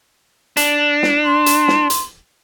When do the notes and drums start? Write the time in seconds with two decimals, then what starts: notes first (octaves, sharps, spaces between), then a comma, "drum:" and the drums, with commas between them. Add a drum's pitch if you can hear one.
0.57 D4, drum: hi-hat
1.03 drum: snare
1.24 C6
1.46 drum: hi-hat
1.68 drum: snare
1.90 drum: hi-hat